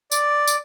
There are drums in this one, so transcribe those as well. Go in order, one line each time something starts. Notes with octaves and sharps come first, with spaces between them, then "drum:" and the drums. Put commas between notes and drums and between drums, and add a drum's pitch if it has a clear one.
D5, drum: tambourine
drum: tambourine